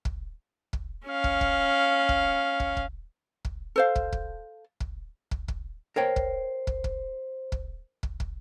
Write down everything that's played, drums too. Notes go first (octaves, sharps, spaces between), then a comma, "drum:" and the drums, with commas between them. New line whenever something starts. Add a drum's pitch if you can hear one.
drum: kick
drum: kick
C#4 F5
drum: kick
drum: kick
drum: kick
drum: kick
drum: kick
drum: kick
A4 C5 F5
drum: kick
drum: kick
drum: kick
drum: kick
drum: kick
A#4 C5 C#5 G5
drum: kick
drum: kick
drum: kick
drum: kick
drum: kick
drum: kick